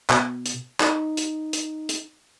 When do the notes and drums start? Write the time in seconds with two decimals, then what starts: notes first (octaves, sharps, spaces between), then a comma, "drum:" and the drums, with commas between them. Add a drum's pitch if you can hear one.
0.10 B2, drum: clap
0.46 drum: hi-hat
0.80 D#4, drum: clap
1.17 drum: hi-hat
1.53 drum: hi-hat
1.89 drum: hi-hat